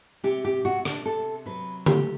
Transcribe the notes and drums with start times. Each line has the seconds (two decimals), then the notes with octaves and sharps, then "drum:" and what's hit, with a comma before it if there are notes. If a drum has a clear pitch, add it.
0.23 C3 G4
0.45 G4
0.65 C3 F#4
0.85 D4, drum: rim click
1.05 C3 A4
1.45 F#3 B4
1.86 A3 G4, drum: tom D3